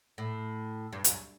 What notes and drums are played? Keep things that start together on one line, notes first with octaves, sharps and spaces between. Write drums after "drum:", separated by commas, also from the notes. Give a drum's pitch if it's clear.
A2
G2
F#2, drum: hi-hat